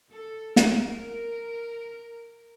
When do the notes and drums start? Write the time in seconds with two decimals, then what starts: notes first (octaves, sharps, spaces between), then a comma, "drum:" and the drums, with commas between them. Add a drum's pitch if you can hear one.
0.11 A4
0.56 A#4, drum: snare